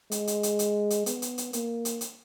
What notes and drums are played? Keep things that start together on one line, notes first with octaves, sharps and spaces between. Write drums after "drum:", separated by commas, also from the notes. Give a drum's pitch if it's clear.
G#3, drum: hi-hat
drum: hi-hat
drum: hi-hat
drum: hi-hat
drum: hi-hat
B3, drum: hi-hat
drum: hi-hat
drum: hi-hat
A#3, drum: hi-hat
drum: hi-hat
drum: hi-hat